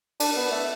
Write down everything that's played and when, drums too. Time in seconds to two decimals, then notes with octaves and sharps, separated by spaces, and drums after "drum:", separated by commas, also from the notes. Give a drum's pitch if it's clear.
0.20 D4, drum: cymbal
0.36 B3
0.51 A3